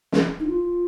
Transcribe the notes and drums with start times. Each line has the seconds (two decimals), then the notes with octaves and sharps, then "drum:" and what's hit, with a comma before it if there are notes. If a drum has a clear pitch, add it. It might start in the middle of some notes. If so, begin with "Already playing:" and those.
0.12 drum: snare
0.40 D#4
0.47 F4